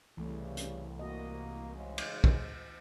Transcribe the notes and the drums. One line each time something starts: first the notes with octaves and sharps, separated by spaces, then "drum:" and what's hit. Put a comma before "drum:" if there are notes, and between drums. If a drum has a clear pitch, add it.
C2 C#3 E3 G3 A3
drum: hi-hat
A#3 F#4 D#5
G#2 C#3 G#3
drum: cymbal
drum: kick